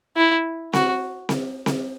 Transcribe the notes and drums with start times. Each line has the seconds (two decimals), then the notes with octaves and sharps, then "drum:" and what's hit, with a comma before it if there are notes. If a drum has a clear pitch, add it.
0.17 E4
0.73 F#4, drum: snare C4
1.29 drum: snare C4
1.66 drum: snare C4